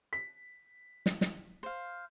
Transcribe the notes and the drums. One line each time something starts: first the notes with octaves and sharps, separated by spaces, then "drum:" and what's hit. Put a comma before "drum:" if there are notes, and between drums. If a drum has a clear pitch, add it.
B6
drum: snare
drum: snare
C5 F5